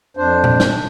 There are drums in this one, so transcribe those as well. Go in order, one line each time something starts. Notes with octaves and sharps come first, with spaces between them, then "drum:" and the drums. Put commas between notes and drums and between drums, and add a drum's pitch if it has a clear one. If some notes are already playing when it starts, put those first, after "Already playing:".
F2 D4 C5
drum: tom A#2
drum: snare